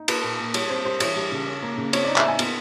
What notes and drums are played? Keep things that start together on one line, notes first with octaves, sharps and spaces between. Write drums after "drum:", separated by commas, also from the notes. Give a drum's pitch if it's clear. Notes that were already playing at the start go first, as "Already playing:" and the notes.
Already playing: D#4
A#3 B4, drum: cymbal
A#2
A#2
G3 C#5, drum: cymbal
C4 C5
G3 C5
E3 C#5, drum: cymbal
G3
C#3
C#4
A#3
C#3
C4 C#5, drum: cymbal
D#4 D5
E5, drum: clap
D#4 G#5
B3, drum: cymbal